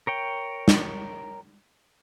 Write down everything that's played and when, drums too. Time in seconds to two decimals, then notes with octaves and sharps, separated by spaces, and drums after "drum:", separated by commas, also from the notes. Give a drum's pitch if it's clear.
0.07 A#4 C#5 G5
0.68 drum: snare